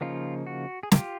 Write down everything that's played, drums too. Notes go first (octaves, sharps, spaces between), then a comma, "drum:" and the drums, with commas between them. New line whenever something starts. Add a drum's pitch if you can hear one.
C#3 F3 A#3 D#4 F4
F#4
G#4
F4 G4, drum: snare